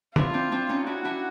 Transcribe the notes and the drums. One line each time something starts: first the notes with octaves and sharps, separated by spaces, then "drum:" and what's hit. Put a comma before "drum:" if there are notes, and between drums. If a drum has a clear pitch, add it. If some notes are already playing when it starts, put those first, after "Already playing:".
D4 E4 F4, drum: tom D#3
C4 D4
C4 D4
C#4 D#4
D4 E4 F#4
D4 E4